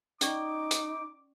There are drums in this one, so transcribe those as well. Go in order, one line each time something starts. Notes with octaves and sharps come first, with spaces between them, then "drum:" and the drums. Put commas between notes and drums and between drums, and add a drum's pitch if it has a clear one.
C#4 D#4 D5 C#6 D6, drum: hi-hat
drum: hi-hat